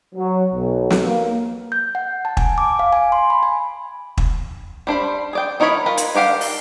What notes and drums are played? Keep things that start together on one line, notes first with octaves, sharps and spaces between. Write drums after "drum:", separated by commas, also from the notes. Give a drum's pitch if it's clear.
F#3
B1
drum: snare
A#3
G6
F#5
A5
G#5, drum: kick
D6
F5
G#5
C6
B5
G#5
drum: kick
G3 D4 C5 B5
G#4 D5 G5
E3 D#4 A#4 C#5 B5
F4 A#4 B4
drum: hi-hat
D#3 D4 G4 F5 F#5
drum: open hi-hat